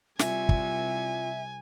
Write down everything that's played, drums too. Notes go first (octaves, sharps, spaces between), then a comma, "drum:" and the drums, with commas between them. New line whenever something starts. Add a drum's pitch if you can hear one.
C2 F4 E5 G#5, drum: snare
drum: kick